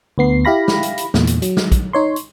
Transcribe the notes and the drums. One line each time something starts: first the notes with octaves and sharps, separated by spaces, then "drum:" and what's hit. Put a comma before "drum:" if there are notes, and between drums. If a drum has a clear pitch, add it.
D2 B3 C7
E4 G4 F5 B5 A#6
drum: snare
drum: hi-hat
drum: hi-hat
E2 A#2, drum: snare
drum: hi-hat
F#3, drum: hi-hat
drum: snare
drum: kick, hi-hat
D#4 C#5 C6
drum: hi-hat